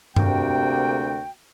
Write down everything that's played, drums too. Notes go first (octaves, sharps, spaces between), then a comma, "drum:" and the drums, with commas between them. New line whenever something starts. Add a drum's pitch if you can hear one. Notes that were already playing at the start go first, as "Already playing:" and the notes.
D2 C3 A#3 F#4 G5, drum: tom G2